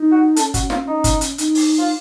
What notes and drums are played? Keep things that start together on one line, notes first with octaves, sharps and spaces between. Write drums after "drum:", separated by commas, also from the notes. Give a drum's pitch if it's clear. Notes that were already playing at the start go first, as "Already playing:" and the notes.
Already playing: D#4
F#4
C#4 A4, drum: hi-hat
F#4, drum: kick G1, hi-hat
F4, drum: snare
D#4
drum: kick G1, hi-hat
drum: hi-hat
D#4, drum: hi-hat
drum: open hi-hat
F4